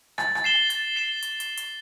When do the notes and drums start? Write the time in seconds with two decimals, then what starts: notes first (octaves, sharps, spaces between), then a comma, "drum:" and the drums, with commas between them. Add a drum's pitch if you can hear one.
0.18 A6, drum: rim click
0.35 drum: rim click
0.44 C7 E7 G7
0.70 A6, drum: hi-hat
0.96 C7 E7 G7
1.22 drum: hi-hat
1.40 drum: hi-hat
1.57 drum: hi-hat